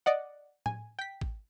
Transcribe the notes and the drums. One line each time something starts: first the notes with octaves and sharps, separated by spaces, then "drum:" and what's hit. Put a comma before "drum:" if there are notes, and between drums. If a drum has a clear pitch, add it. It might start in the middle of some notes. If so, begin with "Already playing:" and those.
D5 D#5 F#5
G#5, drum: tom A2
G5 B6
drum: kick